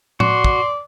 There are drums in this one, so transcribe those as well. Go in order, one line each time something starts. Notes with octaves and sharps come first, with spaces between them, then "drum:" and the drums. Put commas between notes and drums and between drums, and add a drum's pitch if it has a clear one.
F#4 D5 C6, drum: tom A2
drum: kick